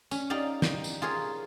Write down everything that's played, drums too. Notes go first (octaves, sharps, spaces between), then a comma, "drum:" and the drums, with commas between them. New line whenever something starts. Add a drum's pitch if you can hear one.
C#4, drum: tambourine
D#4 G4 D5 F5
G5, drum: snare
drum: tambourine
F4 G#4 A#4 C#5